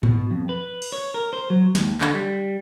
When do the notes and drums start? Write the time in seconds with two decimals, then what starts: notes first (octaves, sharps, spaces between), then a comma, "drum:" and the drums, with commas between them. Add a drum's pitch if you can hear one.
0.03 B2, drum: tom G#2
0.31 F2
0.49 B4
0.82 drum: cymbal
0.92 C#5
1.14 A#4
1.33 C5
1.50 F#3
1.75 D#2, drum: snare
2.01 D3, drum: clap
2.14 G3